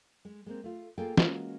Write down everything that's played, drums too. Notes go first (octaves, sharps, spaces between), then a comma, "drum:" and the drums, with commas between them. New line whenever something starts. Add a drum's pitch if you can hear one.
G#3
G#3 A#3 C4
A3 F4
A#3 F4 G#4 A4 G5 G#5
E3 G#3 A#3 C#4 F4 F#4, drum: snare